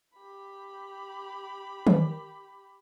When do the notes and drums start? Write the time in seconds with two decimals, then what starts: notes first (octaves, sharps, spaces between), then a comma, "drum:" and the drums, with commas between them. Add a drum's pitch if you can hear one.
0.14 G4 B5
1.87 drum: tom D#3